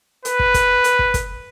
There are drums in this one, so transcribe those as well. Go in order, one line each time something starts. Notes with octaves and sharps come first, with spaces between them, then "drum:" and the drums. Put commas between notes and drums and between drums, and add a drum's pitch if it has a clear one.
B4, drum: hi-hat
drum: kick
drum: kick, hi-hat
drum: hi-hat
drum: kick
drum: kick, hi-hat